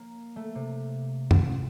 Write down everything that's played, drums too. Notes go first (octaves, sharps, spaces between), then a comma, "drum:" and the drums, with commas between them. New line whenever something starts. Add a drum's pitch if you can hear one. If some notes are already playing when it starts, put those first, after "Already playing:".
Already playing: A#3
A3
C3
drum: tom F#2